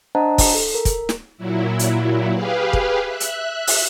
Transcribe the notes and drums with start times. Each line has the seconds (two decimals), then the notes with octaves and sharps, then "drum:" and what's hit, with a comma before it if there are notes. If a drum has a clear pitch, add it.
0.15 D4 C5 D#5 F#5 A5 A#5
0.38 drum: kick, open hi-hat
0.55 A4
0.74 A#4
0.85 drum: kick, hi-hat
1.09 drum: snare
1.38 A#2 F#3 E4
1.79 drum: hi-hat
2.33 G4 G#4 B4 F5
2.73 drum: kick
3.06 E5 F#6
3.20 drum: hi-hat
3.67 drum: open hi-hat